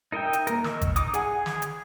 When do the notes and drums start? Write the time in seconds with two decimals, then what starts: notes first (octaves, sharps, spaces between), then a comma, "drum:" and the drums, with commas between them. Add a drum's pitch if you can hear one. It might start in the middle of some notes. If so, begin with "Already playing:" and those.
0.12 D#4 A#4 D#5 E5 G5
0.33 drum: hi-hat
0.47 A#3 A#4, drum: hi-hat
0.64 D#5 C#6 E6 F6, drum: snare
0.81 drum: kick G#1, hi-hat
0.96 D#4 D6 D#6, drum: hi-hat
1.14 G#4 F#5 G#5, drum: hi-hat
1.35 G#4
1.46 drum: snare
1.62 drum: hi-hat